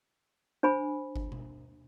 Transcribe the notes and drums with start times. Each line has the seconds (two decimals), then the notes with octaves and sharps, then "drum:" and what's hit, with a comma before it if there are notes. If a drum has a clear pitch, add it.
0.63 D4 C5 G#5 B5
1.16 drum: kick G1
1.32 drum: tom B2